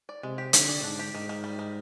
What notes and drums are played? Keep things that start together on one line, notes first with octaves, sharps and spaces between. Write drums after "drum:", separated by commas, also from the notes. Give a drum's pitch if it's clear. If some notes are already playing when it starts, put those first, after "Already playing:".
D5
C3 G#3
G4
D3 G4, drum: hi-hat
D5
G#2 D4
G4
G#2 D#3
D#3
G3
D#3